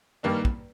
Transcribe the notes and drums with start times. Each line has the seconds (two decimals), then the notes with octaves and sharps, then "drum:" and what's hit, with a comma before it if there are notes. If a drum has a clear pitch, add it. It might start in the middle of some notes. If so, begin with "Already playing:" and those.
0.23 G2 D#3 G3 A#3 D4
0.45 drum: kick